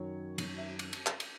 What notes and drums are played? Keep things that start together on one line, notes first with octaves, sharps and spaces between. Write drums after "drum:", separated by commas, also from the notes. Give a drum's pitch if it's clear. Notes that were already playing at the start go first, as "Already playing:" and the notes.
Already playing: F#2 D#3 F#3 C#5
F#2 D#3 F#3, drum: cymbal
E5
drum: cymbal
drum: cymbal
drum: clap
drum: cymbal